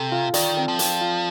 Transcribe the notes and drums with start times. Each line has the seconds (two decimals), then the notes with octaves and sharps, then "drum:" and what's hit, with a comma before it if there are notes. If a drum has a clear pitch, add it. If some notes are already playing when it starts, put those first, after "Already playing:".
Already playing: C3 A4
0.12 F4
0.34 D#3 D5, drum: hi-hat
0.57 C4
0.68 F3
0.79 C4, drum: hi-hat
1.01 F4